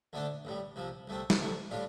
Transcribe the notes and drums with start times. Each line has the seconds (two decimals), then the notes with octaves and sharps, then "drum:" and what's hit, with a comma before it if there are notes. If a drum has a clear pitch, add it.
0.13 D2 D3 A3 D4
0.45 A1 A2 G3
0.76 C2 C3 F3
1.07 C2 C3 A3 C4
1.30 drum: snare
1.40 D2 C3 A3
1.71 A2 G3 D4 F4